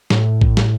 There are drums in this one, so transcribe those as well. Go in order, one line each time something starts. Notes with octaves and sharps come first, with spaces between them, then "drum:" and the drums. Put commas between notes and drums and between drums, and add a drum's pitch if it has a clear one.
A2, drum: snare
drum: kick
drum: snare